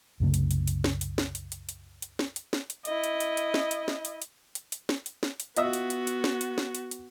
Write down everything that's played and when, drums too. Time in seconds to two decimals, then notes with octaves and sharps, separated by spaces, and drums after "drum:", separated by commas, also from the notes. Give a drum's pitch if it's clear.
0.20 C2 F#2 C#3 A3
0.34 drum: hi-hat
0.51 drum: hi-hat
0.67 drum: hi-hat
0.84 drum: snare
1.01 drum: hi-hat
1.18 drum: snare
1.35 drum: hi-hat
1.52 drum: hi-hat
1.69 drum: hi-hat
2.02 drum: hi-hat
2.19 drum: snare
2.36 drum: hi-hat
2.53 drum: snare
2.70 drum: hi-hat
2.85 E4 D#5, drum: hi-hat
3.04 drum: hi-hat
3.20 drum: hi-hat
3.37 drum: hi-hat
3.54 drum: snare
3.71 drum: hi-hat
3.88 drum: snare
4.05 drum: hi-hat
4.22 drum: hi-hat
4.55 drum: hi-hat
4.72 drum: hi-hat
4.89 drum: snare
5.06 drum: hi-hat
5.23 drum: snare
5.40 drum: hi-hat
5.57 B3 F4 F#4 D#5 E5, drum: hi-hat
5.73 drum: hi-hat
5.90 drum: hi-hat
6.07 drum: hi-hat
6.24 drum: snare
6.41 drum: hi-hat
6.58 drum: snare
6.75 drum: hi-hat
6.91 drum: hi-hat